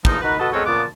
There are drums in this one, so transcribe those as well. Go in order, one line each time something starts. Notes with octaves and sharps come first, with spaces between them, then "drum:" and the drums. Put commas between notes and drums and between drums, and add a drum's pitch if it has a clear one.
E2 F3 A#3 D#4, drum: kick
D#4 F#4 A#4 B4
F#4 A4 B4 D#5 A5
G#3 B3 C4 A4 A#4 C#5
A#2 C#3 F3 B3 A5 D6